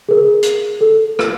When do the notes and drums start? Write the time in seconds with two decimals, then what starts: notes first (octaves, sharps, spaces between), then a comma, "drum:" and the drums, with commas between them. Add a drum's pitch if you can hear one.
0.09 G#4 A#4
0.43 drum: hi-hat
0.81 A4
1.19 drum: rim click